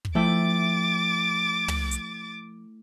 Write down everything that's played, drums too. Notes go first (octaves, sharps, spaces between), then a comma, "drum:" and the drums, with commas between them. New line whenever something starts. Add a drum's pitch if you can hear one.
drum: kick
F3 A3 E4 E5 G5 A5 D6 A6
drum: tom
drum: hi-hat